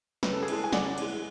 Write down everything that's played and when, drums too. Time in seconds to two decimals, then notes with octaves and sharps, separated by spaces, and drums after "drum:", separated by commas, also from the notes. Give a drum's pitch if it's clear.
0.23 C#3 B4, drum: snare
0.33 A4
0.43 G#4
0.48 E3 G#3 A4, drum: cymbal
0.64 G#5
0.72 C#3 D5 F#5, drum: snare
0.98 E3 G#3, drum: cymbal